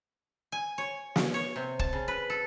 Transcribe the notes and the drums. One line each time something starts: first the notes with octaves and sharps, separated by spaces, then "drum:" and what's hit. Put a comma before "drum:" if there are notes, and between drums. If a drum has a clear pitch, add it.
G#5
C#5
drum: snare
C#5
C3
A5, drum: kick
C#3
B4
A4